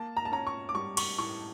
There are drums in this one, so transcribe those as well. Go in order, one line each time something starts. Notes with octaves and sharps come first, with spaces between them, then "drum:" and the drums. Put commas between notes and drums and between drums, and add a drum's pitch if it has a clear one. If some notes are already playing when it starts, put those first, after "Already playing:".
Already playing: A#3 A5
A#5
A5
C#4 A#5
C#6
D6
G3 C#6
C#6, drum: cymbal
A2 C#6